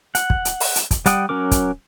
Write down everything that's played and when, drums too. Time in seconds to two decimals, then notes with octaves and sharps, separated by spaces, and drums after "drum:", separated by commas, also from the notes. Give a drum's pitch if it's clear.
0.15 F#5, drum: hi-hat
0.30 drum: kick
0.45 drum: hi-hat
0.60 drum: open hi-hat
0.76 drum: hi-hat
0.91 drum: kick, hi-hat
1.06 G3 D5 F#5 G5 D#6, drum: hi-hat
1.29 F#3 C#4 A#4 D6
1.51 drum: kick, hi-hat